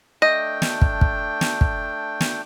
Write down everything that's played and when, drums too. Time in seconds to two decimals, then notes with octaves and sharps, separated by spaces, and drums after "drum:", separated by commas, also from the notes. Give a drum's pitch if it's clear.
0.22 A3 D4 D#5 G5
0.62 drum: snare
0.82 drum: kick
1.01 drum: kick
1.41 drum: snare
1.61 drum: kick
2.21 drum: snare